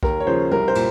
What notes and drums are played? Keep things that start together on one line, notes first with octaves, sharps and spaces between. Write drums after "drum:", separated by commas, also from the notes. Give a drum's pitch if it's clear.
D#2 A#4, drum: kick B1
C#5
C#3 F3 C5
C2 A#4
C5
A#2, drum: cymbal